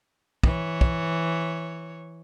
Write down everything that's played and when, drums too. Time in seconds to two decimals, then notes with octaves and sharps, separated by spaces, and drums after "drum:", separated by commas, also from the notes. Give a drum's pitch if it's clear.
0.43 E3 C#5, drum: kick
0.81 drum: kick